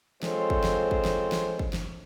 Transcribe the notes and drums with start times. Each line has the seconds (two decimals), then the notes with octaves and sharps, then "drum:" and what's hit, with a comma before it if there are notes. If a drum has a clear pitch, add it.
0.23 G#3 C4 F4 A4 C5 C#5, drum: snare
0.50 drum: kick
0.64 drum: snare
0.91 drum: kick
1.05 drum: snare
1.32 drum: snare
1.59 drum: kick
1.73 drum: snare